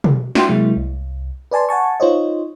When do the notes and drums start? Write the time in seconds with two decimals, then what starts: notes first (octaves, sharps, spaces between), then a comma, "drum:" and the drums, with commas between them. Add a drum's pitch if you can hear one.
0.04 drum: tom
0.35 D4 E4 F#4 G5 C6, drum: snare
0.48 C3 F#3 G#3 A#3 E4
0.77 C2
1.51 B4 D5 G#5 A5 C6
1.69 F#5 G#5 A5 C#6
2.00 D#4 F4 C5 C#5 D#5